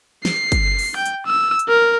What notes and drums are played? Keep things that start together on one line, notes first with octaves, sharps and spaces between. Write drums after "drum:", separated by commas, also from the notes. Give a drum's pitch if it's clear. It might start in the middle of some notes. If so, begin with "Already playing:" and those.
C7, drum: snare
drum: kick, hi-hat
drum: open hi-hat
G5
drum: hi-hat
E6
drum: hi-hat
A#4